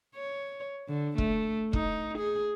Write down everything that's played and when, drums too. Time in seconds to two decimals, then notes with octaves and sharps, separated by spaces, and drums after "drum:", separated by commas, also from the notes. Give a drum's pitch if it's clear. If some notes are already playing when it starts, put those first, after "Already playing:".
0.16 C#5
0.88 D3
1.18 A3, drum: kick
1.73 D#4, drum: kick
2.18 G#4